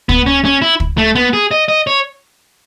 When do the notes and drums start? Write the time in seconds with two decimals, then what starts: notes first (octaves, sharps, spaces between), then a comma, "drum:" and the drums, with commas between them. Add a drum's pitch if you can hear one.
0.09 B3, drum: kick
0.26 C#4
0.45 C#4
0.62 E4
0.80 drum: kick
0.98 A3
1.15 B3
1.33 G#4
1.51 D#5
1.68 D#5
1.87 C#5